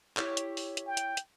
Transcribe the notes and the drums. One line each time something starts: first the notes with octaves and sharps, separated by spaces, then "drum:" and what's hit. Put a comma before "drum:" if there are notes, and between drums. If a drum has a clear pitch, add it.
E4 G4 C#5, drum: clap
drum: hi-hat
drum: open hi-hat
drum: hi-hat
G5
drum: hi-hat
drum: hi-hat